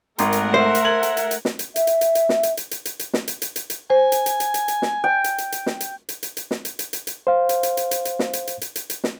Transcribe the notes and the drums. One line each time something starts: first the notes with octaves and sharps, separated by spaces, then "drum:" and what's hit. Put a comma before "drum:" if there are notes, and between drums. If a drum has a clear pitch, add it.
G#1 A3 A#4 F#5 A#5 C6, drum: hi-hat
drum: hi-hat
C5 E5
drum: hi-hat
G#6 F#7
drum: hi-hat
drum: hi-hat
drum: hi-hat
drum: snare
drum: hi-hat
E5, drum: hi-hat
drum: hi-hat
drum: hi-hat
drum: hi-hat
drum: snare
drum: hi-hat
drum: hi-hat
drum: hi-hat
drum: hi-hat
drum: hi-hat
drum: snare
drum: hi-hat
drum: hi-hat
drum: hi-hat
drum: hi-hat
C5 G#5
drum: hi-hat
drum: hi-hat
drum: hi-hat
drum: hi-hat
drum: hi-hat
drum: snare
G5
drum: hi-hat
drum: hi-hat
drum: hi-hat
drum: snare
drum: hi-hat
drum: hi-hat
drum: hi-hat
drum: hi-hat
drum: snare
drum: hi-hat
drum: hi-hat
drum: hi-hat
drum: hi-hat
C5 F5
drum: hi-hat
drum: hi-hat
drum: hi-hat
drum: hi-hat
drum: hi-hat
drum: snare
drum: hi-hat
drum: hi-hat
drum: hi-hat
drum: hi-hat
drum: hi-hat
drum: snare